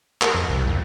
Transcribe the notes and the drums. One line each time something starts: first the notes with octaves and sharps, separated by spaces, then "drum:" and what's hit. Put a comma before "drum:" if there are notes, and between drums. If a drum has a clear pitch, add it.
A#4, drum: clap
F2
C2
F2